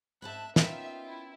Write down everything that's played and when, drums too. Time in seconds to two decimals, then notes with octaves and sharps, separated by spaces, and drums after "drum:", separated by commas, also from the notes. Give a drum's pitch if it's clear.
0.22 G#2 C4 E5 A5 B5 F#6
0.56 A#3 B3 C#4 D#4 F4 E5 G5, drum: snare
1.03 E4